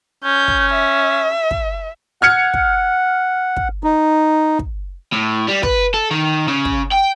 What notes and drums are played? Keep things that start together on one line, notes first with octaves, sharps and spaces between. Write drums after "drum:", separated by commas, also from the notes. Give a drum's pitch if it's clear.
C#4 G6
drum: kick
E5
drum: kick
F#5 F6 G#6 C#7
drum: kick
drum: kick
D#4
drum: kick
A2
G3
B4, drum: kick
A4
D#3
C#3
drum: kick
G5